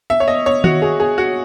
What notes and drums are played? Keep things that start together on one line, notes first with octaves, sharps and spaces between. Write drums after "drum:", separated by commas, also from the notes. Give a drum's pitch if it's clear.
E5
C#5
D#5
C#5
F#4, drum: tom D#3
G#4
G#4
F#4